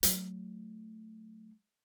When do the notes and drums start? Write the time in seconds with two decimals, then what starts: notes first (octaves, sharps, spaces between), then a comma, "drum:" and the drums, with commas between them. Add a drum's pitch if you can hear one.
0.03 F#3 A3, drum: hi-hat